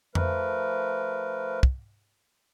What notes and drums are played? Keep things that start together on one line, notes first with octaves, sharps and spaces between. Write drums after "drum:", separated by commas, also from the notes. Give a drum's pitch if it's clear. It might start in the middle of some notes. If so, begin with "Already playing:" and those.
F3 A3 A#4 B4, drum: tom F2
drum: kick